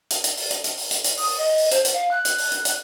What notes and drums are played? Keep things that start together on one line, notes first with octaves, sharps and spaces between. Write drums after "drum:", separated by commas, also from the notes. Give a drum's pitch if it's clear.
drum: hi-hat
drum: hi-hat
drum: open hi-hat
drum: hi-hat
drum: hi-hat
drum: open hi-hat
drum: hi-hat
drum: hi-hat
D#6, drum: open hi-hat
D#5
drum: open hi-hat
C5, drum: hi-hat
drum: hi-hat
F5
F#6
drum: hi-hat
drum: open hi-hat
drum: hi-hat
drum: hi-hat